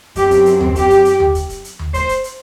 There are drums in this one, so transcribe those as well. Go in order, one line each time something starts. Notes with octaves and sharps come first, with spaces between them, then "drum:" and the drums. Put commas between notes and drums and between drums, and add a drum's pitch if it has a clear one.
F#2 F#3 C4 G4, drum: kick, hi-hat
drum: kick, hi-hat
drum: hi-hat
drum: tom D#2
G4, drum: kick, hi-hat
drum: kick, hi-hat
drum: hi-hat
drum: tom D#2
drum: kick, hi-hat
drum: kick, hi-hat
drum: hi-hat
drum: tom D#2
C5, drum: kick, hi-hat
drum: kick, hi-hat
drum: hi-hat